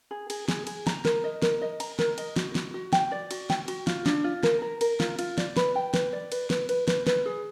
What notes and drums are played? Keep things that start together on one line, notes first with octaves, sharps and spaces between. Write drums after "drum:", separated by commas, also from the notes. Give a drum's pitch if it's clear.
G#4
G#4, drum: cymbal
G#4, drum: snare
G#4, drum: cymbal
A#5, drum: snare
A#4, drum: snare
D#5
A#4, drum: snare
D#5
A#5, drum: cymbal
A#4, drum: snare
D#5, drum: cymbal
F#4, drum: snare
F#4, drum: snare
F#4
G5, drum: snare
D5
F#4, drum: cymbal
G5, drum: snare
F#4, drum: cymbal
F4, drum: snare
D4, drum: snare
F4
A#4, drum: snare
A#4
A#4, drum: cymbal
F4, drum: snare
F4, drum: cymbal
D5, drum: snare
B4, drum: snare
G5
B4, drum: snare
D5
B4, drum: cymbal
B4, drum: snare
B4, drum: cymbal
B4, drum: snare
B4, drum: snare
G#4